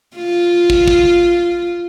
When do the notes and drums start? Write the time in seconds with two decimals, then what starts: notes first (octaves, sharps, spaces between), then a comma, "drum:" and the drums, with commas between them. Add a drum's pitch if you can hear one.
0.16 F4
0.70 drum: kick
0.88 drum: kick